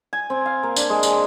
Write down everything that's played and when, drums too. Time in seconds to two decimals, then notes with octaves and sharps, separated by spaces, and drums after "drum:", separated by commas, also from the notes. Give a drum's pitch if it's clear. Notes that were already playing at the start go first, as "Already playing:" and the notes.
0.13 G#5
0.30 C4
0.46 F5
0.63 A#3
0.76 D4, drum: tambourine
0.89 G#3
1.03 drum: tambourine